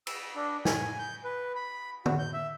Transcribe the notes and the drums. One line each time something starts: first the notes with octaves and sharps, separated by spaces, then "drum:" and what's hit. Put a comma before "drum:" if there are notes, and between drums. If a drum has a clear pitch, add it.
E6, drum: cymbal
D4
G#5, drum: snare
G6
B4
B5
F#4, drum: tom
G6
E5